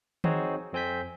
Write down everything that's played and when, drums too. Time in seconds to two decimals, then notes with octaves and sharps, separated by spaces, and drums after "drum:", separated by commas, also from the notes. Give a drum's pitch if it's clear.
0.24 C4 D#4 F#4 G#4 C#5, drum: tom D#3
0.73 F2 C4 G#5 G6 B6